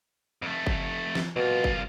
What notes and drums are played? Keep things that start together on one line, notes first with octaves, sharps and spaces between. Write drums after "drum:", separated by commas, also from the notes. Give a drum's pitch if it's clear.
F2 A3
drum: kick F#1
drum: snare
C2 B2 F4
drum: kick F#1